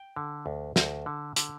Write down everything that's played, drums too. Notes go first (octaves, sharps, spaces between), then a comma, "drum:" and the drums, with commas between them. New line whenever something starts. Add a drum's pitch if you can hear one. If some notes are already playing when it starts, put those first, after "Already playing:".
Already playing: G5
D3
D2
D2, drum: snare
D3
D3, drum: hi-hat